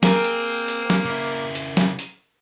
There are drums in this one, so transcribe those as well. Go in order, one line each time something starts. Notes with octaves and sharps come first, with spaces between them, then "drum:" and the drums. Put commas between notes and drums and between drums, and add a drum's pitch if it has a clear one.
A#3 C4 G#4 A#4, drum: snare
drum: hi-hat
drum: hi-hat
drum: snare
C#3 E4
drum: hi-hat
drum: snare
drum: hi-hat